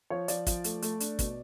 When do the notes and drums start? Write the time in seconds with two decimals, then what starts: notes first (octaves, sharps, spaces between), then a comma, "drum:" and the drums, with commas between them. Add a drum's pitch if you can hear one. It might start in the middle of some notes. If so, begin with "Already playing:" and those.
0.10 F3 C#5
0.28 F3 D5, drum: hi-hat
0.47 F3, drum: kick, hi-hat
0.64 A3, drum: hi-hat
0.82 A3, drum: hi-hat
1.00 D4, drum: hi-hat
1.19 B2, drum: kick, hi-hat